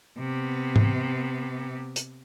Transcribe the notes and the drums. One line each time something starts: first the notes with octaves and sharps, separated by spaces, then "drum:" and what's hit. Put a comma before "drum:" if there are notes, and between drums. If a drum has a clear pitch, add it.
C3 B3
drum: tom G#2
drum: hi-hat